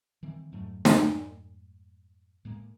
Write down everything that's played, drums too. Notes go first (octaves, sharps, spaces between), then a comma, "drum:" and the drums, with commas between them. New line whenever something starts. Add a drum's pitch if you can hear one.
D#3 E3 G3 C4
F2 G#2 F#3 A3
drum: snare
A2 G#3 A#3